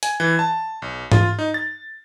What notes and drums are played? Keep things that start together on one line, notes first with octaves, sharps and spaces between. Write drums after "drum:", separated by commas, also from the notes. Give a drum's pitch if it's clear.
G#5, drum: hi-hat
E3
A5
B1
F4, drum: tom G#2
D#4
A6